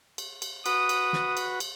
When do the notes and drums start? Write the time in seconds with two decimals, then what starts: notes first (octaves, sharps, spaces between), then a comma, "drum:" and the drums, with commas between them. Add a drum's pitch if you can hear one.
0.18 drum: cymbal
0.42 drum: cymbal
0.66 F#4 B4 D#6, drum: cymbal
0.89 drum: cymbal
1.13 drum: snare
1.37 drum: cymbal
1.60 drum: cymbal